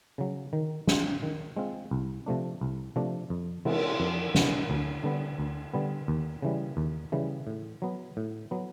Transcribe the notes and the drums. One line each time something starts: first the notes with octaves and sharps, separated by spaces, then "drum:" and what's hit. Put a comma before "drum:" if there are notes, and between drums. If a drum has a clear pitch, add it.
C#3 F#3
D#3
G#3 C4 F4, drum: snare
D#3
G#3 C4 F4
C2
C3 F3 A3 D4
C2
C3 F3 A3 D4
F2
C3 E3 G#3 B3, drum: cymbal
F2
C3 E3 G#3 B3, drum: snare
D2
D3 G3 B3
D2
D3 G3 B3
D#2
C#3 E3 G3
D#2
C#3 E3 G3
A2
F#3 B3
A2
F#3 B3